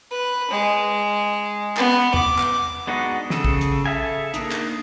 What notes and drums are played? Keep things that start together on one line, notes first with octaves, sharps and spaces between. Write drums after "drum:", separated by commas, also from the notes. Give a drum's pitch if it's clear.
B4
G#3
B3, drum: clap
D6, drum: tom
drum: clap
G#3 B3 D4 D#4 F#4
C#3 G#4 A4, drum: snare
drum: kick
drum: hi-hat
G#4 A4 E5 F5 G#5
A#3 D4 D#4, drum: hi-hat
drum: clap